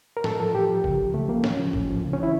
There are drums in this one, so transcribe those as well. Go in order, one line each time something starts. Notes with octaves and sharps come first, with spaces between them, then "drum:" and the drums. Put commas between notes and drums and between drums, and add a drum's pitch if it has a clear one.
A#4
A2 A4, drum: snare
F3 A4
A2 G4
F3
C#3, drum: kick
F3
C#3 A3
F3 A#3
A2 C#4, drum: snare
F3
A2, drum: kick
F3
C#3
C#4
E3 E4